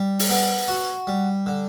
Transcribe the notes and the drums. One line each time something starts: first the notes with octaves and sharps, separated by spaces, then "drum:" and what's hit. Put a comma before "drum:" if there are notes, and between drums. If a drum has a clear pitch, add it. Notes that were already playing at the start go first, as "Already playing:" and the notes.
Already playing: G3
drum: open hi-hat
B3
F#4
G3
D3